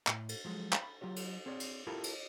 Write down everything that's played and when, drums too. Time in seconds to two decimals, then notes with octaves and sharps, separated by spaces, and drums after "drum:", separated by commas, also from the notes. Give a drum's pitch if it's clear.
0.07 A2, drum: clap
0.29 drum: cymbal
0.45 F3 F#3 G#3
0.73 drum: clap
0.82 B5
1.01 F#3 F4 G4 C#5
1.16 drum: cymbal
1.46 C4 G#4 C#5 D5
1.60 drum: cymbal
1.87 E4 F4 G4 A4 A#4 B5
2.04 drum: cymbal